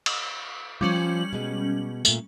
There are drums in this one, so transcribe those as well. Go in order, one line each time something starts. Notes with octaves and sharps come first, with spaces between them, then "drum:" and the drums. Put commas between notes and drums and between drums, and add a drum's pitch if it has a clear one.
drum: cymbal
F3 G3 C#4 F4 F#7
B2 G#3
A#2 A3, drum: tambourine